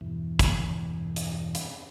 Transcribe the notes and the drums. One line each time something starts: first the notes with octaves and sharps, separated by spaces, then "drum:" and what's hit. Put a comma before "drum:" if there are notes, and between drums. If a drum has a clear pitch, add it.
E2 G2 B2 E3
drum: kick, hi-hat
drum: hi-hat
drum: hi-hat